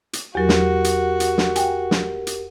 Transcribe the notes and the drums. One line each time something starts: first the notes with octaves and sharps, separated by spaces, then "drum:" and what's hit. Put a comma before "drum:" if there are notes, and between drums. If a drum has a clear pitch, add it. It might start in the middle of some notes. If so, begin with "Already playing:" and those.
drum: hi-hat
E2 F#3 F#4 G4 A#4
drum: snare
drum: hi-hat
drum: hi-hat
drum: snare
G5 G#5, drum: hi-hat
drum: snare
drum: hi-hat